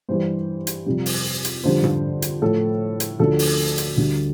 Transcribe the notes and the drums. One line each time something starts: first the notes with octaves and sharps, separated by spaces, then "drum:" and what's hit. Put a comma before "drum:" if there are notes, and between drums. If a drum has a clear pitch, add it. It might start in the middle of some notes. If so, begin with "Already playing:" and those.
G2 E3 G3 C5
drum: hi-hat
F2 C3 G3
drum: open hi-hat
drum: hi-hat
F2 D3 G3 C5
drum: tom G#2
drum: hi-hat
A2 F3 A4
drum: hi-hat
D2 D3 F3 A4
drum: open hi-hat
drum: hi-hat
D2 D3 G3